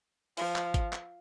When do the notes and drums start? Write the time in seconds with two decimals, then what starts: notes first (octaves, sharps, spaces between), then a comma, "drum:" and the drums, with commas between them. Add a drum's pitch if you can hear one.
0.37 F3, drum: open hi-hat
0.56 drum: clap
0.74 drum: kick G#1, hi-hat
0.93 drum: clap